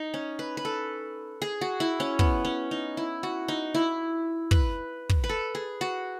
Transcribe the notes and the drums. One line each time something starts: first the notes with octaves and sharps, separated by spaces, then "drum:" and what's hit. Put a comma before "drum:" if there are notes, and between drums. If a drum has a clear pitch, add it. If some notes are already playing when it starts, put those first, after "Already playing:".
Already playing: D#4
C#4
B4
B4
A4
G#4
F#4
E4
C#4
B3, drum: kick
C#4
D#4
E4
F#4
D#4
E4
B4, drum: kick
drum: kick
B4
A4
G#4
F#4